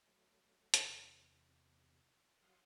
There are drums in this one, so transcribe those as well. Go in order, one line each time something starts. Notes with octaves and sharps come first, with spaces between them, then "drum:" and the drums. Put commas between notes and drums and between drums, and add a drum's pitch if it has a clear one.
F#3 A3
E2 C3, drum: hi-hat
F#3 F5 F#5 C6 D#6